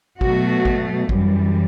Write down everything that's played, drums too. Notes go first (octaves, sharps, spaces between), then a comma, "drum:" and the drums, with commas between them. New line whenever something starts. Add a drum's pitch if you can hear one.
B2 F#3 A3 F#4, drum: kick G#1
drum: kick G#1
F#2 E3 G3, drum: kick G#1